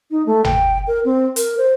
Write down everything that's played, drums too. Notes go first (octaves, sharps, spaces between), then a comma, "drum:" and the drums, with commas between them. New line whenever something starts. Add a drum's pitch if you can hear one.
D#4
A3
G5, drum: tom
A#4
C4
A#4, drum: hi-hat
C5